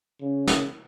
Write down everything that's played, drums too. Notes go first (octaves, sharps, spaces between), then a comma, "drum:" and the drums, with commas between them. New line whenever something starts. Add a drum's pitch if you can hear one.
C#3
drum: snare